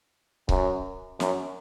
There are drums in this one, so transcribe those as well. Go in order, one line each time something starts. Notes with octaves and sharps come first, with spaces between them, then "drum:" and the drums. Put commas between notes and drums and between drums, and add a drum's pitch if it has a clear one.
F#2, drum: kick C#1
F#2, drum: snare